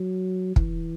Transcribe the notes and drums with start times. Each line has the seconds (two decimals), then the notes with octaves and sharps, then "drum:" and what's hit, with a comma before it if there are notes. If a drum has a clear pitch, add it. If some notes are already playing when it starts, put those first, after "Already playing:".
Already playing: F#3
0.56 E3, drum: kick